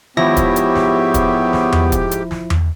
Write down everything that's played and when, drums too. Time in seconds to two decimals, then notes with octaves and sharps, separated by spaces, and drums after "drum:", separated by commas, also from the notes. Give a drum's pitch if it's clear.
0.17 G#2 F3 B3 E4 G4 C#5 E5 A#6, drum: tom D#3
0.37 drum: kick, hi-hat
0.56 drum: hi-hat
0.75 drum: snare
1.14 drum: kick, hi-hat
1.53 drum: snare
1.73 drum: tom E2
1.92 drum: kick, hi-hat
2.11 drum: hi-hat
2.31 drum: snare
2.50 drum: tom E2